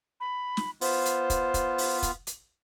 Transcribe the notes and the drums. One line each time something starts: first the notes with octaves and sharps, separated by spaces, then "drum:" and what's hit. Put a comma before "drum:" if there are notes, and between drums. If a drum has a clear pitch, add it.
B5
drum: snare
B3 F4 C5, drum: open hi-hat
drum: hi-hat
drum: kick, hi-hat
drum: kick, hi-hat
drum: open hi-hat
drum: kick, hi-hat
drum: hi-hat